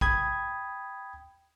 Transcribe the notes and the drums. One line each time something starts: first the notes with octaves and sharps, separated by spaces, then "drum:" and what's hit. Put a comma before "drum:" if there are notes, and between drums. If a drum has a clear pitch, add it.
G5 B5 D#6 G#6, drum: kick A#1